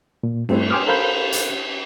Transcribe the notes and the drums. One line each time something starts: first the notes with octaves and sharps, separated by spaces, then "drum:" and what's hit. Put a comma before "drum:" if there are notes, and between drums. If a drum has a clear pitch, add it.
A#2
G2 A3 C4 E4, drum: cymbal
G5 G#5 C6 D6 D#6 F6
A4 A#4 C5 F5 B5 G6
drum: hi-hat